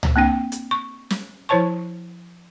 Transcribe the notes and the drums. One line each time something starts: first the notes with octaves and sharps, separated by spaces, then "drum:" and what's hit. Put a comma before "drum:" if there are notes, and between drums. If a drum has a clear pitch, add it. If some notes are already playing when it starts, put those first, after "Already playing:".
drum: tom C#2
A#3 C4 D4 G5
drum: hi-hat
C#6
drum: snare
F3 E4 C5 C#5 A5 C#6